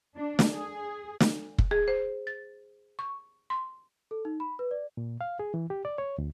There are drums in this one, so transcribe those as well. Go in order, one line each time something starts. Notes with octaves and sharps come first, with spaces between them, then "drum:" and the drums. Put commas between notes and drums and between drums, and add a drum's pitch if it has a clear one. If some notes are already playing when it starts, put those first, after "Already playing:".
D4
drum: snare
G#4
drum: snare
drum: kick
G#4
C5
A6
C#6
C6
A4
D#4
B5
B4
D5
A#2
F5
G#4
E3
G4
D5
C#5
D2